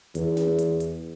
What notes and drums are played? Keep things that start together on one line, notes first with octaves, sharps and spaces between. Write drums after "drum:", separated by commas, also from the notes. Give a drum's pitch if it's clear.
E2, drum: hi-hat
drum: snare
drum: hi-hat
drum: hi-hat